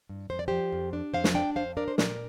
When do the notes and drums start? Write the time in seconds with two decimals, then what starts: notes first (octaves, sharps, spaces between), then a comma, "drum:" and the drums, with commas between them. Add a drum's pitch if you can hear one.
0.09 G2
0.30 F2 C5
0.39 D5
0.48 F3 G4 C5
0.73 F2
0.93 D4
1.14 F2 C5 F5
1.24 drum: snare
1.34 D4 D5 G5
1.56 F2 C5 F5
1.77 D4 A#4 D5
1.88 C5
1.98 A#2 A#4 D5, drum: snare